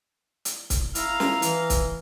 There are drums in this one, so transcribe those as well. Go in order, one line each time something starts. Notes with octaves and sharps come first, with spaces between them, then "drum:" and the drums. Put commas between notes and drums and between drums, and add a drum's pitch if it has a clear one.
drum: hi-hat
drum: kick C#1, hi-hat
E4 F5 A#5, drum: hi-hat
drum: snare
E3, drum: hi-hat
drum: kick C#1, hi-hat